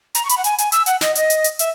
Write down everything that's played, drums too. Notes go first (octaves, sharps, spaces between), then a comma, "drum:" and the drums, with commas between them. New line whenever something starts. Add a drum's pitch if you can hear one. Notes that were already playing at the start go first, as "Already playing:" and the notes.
A#5, drum: hi-hat
C#6
B5, drum: hi-hat
F#5
G#5, drum: hi-hat
G#5, drum: hi-hat
E6, drum: hi-hat
F#5, drum: hi-hat
D#5, drum: snare
D#5, drum: hi-hat
drum: hi-hat
drum: hi-hat
E5, drum: hi-hat